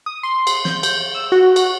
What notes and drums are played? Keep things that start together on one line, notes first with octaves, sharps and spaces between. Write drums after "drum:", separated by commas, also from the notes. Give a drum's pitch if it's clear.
D#6
C6
drum: cymbal
G6, drum: snare
drum: cymbal
E6
F#4
drum: cymbal